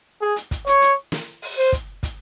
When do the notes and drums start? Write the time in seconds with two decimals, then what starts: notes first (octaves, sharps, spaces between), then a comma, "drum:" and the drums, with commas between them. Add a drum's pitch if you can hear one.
0.21 G#4
0.36 drum: hi-hat
0.51 drum: kick, hi-hat
0.67 C#5, drum: hi-hat
0.82 drum: hi-hat
1.12 drum: snare
1.42 drum: open hi-hat
1.58 C5
1.73 drum: kick, hi-hat
2.03 drum: kick, hi-hat